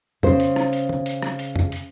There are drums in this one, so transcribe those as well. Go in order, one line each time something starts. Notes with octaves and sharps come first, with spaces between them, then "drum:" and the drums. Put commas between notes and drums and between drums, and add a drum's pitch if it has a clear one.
C#3 C5, drum: tom
drum: hi-hat
drum: rim click
drum: hi-hat
drum: tom
drum: hi-hat
drum: rim click
drum: hi-hat
drum: tom
drum: hi-hat